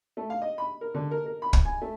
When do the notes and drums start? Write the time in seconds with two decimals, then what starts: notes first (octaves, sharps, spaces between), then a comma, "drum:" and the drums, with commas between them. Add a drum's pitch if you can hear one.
0.17 A3
0.30 F5
0.42 D#5
0.58 B5
0.81 A#4
0.95 D3
1.11 A#4
1.26 A#4
1.42 B5
1.53 drum: kick
1.65 G#5
1.82 A3